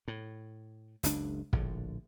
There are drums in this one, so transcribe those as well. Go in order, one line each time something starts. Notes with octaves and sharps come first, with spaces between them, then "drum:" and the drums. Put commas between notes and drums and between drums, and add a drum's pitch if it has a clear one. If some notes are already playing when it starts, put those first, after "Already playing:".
A2
F#1 C#2 D4, drum: hi-hat
A#1 A2 D3, drum: kick